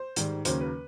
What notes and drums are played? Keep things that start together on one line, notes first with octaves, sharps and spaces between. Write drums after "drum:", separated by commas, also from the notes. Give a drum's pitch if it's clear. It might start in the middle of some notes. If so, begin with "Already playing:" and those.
Already playing: C5
G#2 D#3 G3, drum: hi-hat
D#2 C#3 F#3 A#3 C#4 C5, drum: hi-hat
B4